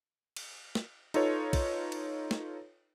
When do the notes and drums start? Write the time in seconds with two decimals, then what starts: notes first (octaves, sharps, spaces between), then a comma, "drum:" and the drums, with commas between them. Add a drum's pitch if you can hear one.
0.36 drum: cymbal
0.75 drum: snare
1.14 D#4 F4 A4 B4 C#5, drum: cymbal
1.53 drum: kick, cymbal
1.92 drum: cymbal
2.31 drum: snare